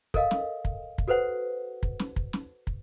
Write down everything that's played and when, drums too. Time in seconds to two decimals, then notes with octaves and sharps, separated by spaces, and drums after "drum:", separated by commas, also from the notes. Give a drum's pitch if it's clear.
0.14 A4 A#4 D#5 F5, drum: kick
0.31 drum: snare
0.65 drum: kick
0.98 drum: kick
1.08 F#4 A4 B4 C5 F#5
1.83 drum: kick
1.99 drum: snare
2.16 drum: kick
2.33 drum: snare
2.67 drum: kick